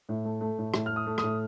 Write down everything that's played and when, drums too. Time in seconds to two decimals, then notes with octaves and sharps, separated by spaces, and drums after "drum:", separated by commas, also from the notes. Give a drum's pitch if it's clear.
0.09 A2
0.25 A3
0.41 A3
0.58 A2
0.74 A2, drum: rim click
0.86 A3 F6
0.96 D#6
1.06 A3
1.18 D#6, drum: rim click
1.23 A2